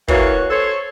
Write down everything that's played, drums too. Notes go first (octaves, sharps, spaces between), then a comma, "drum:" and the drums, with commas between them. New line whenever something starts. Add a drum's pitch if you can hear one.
E3 A#3 F#4 C#5, drum: kick
A4 C5 C#5